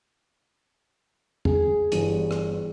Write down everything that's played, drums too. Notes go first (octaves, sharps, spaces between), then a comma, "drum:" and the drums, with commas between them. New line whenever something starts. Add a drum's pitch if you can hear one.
G#4, drum: tom E2
G1 E3 G3 D#7, drum: hi-hat
drum: rim click